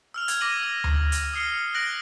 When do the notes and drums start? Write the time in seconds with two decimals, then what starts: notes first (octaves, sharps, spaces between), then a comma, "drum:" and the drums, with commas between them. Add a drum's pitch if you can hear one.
0.14 E6 F6 F7
0.28 G#6, drum: hi-hat
0.41 D6 A#6 D#7 F#7
0.63 E6
0.84 drum: tom D2
1.12 drum: hi-hat
1.34 D#6 F6 C7 C#7 G7
1.74 F#6 A#6 D7 F#7 G7